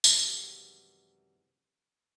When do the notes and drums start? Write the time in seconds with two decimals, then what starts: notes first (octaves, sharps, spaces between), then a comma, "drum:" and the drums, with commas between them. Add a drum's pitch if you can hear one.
0.04 F#2 C3 D#3 E3 G3 G#3, drum: tambourine